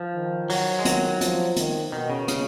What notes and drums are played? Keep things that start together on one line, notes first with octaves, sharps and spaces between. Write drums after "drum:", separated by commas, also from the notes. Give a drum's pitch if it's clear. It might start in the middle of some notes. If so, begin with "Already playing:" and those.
Already playing: F3
D#3
F#3, drum: open hi-hat
G#3
D#3 F#3, drum: hi-hat
F3, drum: hi-hat
D#3, drum: hi-hat
B2 D#3
C#3
C#3, drum: hi-hat